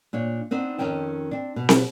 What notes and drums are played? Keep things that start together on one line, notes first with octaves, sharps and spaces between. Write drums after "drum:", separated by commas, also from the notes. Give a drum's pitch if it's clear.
A#2 D4 C#5 F5
B3 C4 D4 D#4
F2 G#2 D#3 C#4 G5 A5
C4 D4
B2
drum: snare